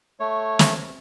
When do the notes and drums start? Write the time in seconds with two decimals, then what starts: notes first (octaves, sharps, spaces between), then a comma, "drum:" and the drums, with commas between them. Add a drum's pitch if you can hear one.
0.20 A3 C#5
0.59 drum: snare